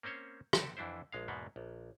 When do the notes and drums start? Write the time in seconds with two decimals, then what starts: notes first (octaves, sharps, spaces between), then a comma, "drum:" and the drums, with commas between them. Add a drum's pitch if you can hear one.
0.03 A#3 C4 C#4 C5 C#5
0.53 F#4 G4 A4 E5, drum: rim click
0.77 F2 E3 D4 E4 C5
1.12 A#1 G#3 F5
1.28 E2 G#2 B2 A#3 B3
1.56 A#1